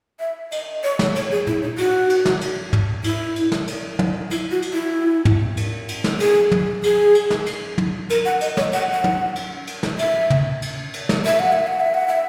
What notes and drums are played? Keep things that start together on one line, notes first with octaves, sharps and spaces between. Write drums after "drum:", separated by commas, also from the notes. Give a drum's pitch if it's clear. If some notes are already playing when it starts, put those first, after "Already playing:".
E5
D#5, drum: cymbal
C#5
drum: snare
C#5, drum: cymbal
G#4
E4, drum: tom
D#4
F#4, drum: cymbal
drum: cymbal
drum: snare
drum: cymbal
drum: tom
E4, drum: cymbal
drum: cymbal
drum: snare
drum: cymbal
drum: tom
E4, drum: cymbal
F#4
drum: cymbal
E4
drum: tom
drum: cymbal
drum: cymbal
drum: snare
G#4, drum: cymbal
drum: tom
G#4, drum: cymbal
drum: cymbal
drum: snare
drum: cymbal
drum: tom
A#4, drum: cymbal
F#5
D#5, drum: cymbal
C#5, drum: snare
F#5, drum: cymbal
F#5
drum: tom
drum: cymbal
drum: cymbal
drum: snare
E5, drum: cymbal
drum: tom
drum: cymbal
drum: cymbal
drum: snare
E5, drum: cymbal
F#5
E5
F#5
E5
F#5
E5